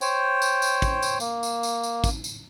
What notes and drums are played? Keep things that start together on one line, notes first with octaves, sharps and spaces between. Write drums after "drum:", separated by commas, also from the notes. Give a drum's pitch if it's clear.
C5 C#5 G5, drum: tambourine
drum: tambourine
drum: tambourine
drum: kick, tambourine
drum: tambourine
A#3, drum: tambourine
drum: tambourine
drum: tambourine
drum: tambourine
drum: kick, tambourine
drum: tambourine